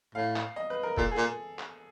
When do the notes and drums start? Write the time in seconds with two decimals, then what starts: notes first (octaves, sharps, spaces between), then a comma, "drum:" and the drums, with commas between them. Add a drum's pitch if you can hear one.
0.15 A2 F5
0.36 drum: clap
0.56 D#5
0.70 B4
0.83 A#4
0.97 A#2 A4, drum: kick F1
1.12 G#4
1.18 A#2
1.59 drum: clap